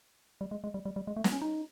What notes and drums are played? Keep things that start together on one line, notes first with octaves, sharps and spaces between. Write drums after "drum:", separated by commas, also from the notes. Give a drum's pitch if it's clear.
G3
G#3
G#3
G3
G3
G3
G#3
A3
B3, drum: snare
C#4
D#4